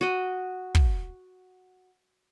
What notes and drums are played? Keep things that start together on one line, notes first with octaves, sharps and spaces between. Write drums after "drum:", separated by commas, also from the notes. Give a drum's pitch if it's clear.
F#4 D#5
drum: kick